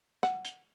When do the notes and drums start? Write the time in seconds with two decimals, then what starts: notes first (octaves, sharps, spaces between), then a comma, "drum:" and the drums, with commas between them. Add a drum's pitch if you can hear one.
0.23 F#5, drum: rim click
0.45 drum: hi-hat